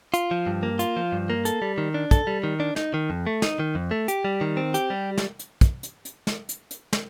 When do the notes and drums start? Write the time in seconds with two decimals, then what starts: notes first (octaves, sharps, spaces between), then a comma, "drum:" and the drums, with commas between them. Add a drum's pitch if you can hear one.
0.14 F4, drum: hi-hat
0.31 F3
0.46 G2
0.63 A#3
0.79 F4, drum: hi-hat
0.97 F3
1.12 G2
1.30 A#3
1.45 A4, drum: hi-hat
1.62 G3
1.78 D#3
1.94 D4
2.11 A4, drum: kick, hi-hat
2.27 G3
2.44 D#3
2.60 D4
2.76 D#4, drum: snare
2.94 D#3
3.10 F2
3.27 A3
3.42 D#4, drum: snare
3.59 D#3
3.75 F2
3.91 A3
4.08 G4, drum: hi-hat
4.25 G3
4.41 D#3
4.57 C4
4.74 G4, drum: hi-hat
4.90 G3
5.18 drum: snare
5.39 drum: hi-hat
5.61 drum: kick, hi-hat
5.83 drum: hi-hat
6.05 drum: hi-hat
6.27 drum: snare
6.49 drum: hi-hat
6.71 drum: hi-hat
6.93 drum: snare